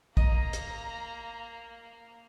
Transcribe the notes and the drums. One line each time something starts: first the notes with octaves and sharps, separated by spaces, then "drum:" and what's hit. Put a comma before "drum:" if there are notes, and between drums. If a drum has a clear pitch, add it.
A#3 D#5 A#5, drum: kick
drum: hi-hat